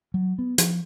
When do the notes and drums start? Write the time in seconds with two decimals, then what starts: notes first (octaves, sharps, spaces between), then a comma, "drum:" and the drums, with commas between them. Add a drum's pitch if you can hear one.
0.14 F#3
0.39 B3
0.58 F3, drum: hi-hat